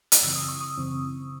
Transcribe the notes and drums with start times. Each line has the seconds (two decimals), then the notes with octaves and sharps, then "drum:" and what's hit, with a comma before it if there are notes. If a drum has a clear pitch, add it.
0.12 drum: hi-hat
0.22 F#2 C#3 E3 C4 E6
0.36 D#6
0.48 C#6
0.61 D#6
0.77 F#2 C#3 E3 C4